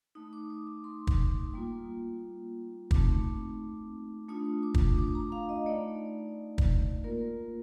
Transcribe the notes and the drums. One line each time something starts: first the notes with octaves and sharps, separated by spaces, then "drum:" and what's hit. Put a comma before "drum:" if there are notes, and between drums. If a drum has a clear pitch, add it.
A3 D#4 D#6
D6
D#6
D6
C6
drum: kick
G3 A#3 F4
A3 C4 D#4 D6, drum: kick
A3 D4 F4 D#6
D6
drum: kick
D6
A#5
F5
D#5
A3 D#4 D5
drum: kick
A#3 F4 A#4